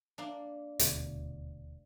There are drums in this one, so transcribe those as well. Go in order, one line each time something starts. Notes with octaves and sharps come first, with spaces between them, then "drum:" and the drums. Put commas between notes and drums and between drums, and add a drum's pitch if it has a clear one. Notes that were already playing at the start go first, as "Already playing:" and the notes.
A#3 D4
D#1 D2 B2, drum: hi-hat